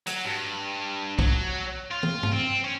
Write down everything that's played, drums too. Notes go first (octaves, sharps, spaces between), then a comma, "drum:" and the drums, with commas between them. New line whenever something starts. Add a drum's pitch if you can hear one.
F#3, drum: hi-hat
G2
F#3, drum: kick B1
F4
drum: tom
drum: tom G2
C4
C#4